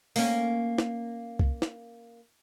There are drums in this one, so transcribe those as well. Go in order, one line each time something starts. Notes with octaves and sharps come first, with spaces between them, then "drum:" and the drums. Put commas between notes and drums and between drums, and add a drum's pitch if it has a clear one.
A#3 C#4, drum: open hi-hat
drum: snare
drum: kick
drum: snare